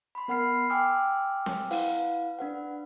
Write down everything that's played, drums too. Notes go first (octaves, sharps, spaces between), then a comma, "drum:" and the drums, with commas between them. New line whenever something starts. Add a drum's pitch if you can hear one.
B5 C6
B3 A#4 F#5 B5 F6 C7
G5 G#5 C6 D6 E6 F6
drum: snare C4
E4 B4 F5 F#5, drum: open hi-hat
D4 B4 F#5